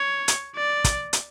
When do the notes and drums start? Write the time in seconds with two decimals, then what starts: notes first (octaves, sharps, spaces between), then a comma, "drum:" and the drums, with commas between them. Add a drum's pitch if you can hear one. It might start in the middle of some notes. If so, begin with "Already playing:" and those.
Already playing: C#5
0.28 drum: hi-hat
0.56 D5
0.84 drum: kick, hi-hat
1.13 drum: hi-hat